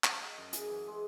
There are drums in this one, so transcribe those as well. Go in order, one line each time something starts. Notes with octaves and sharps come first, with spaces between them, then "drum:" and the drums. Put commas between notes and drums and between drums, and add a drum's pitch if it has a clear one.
A5, drum: clap
D#5
F#2
G#4, drum: hi-hat
E3
G#3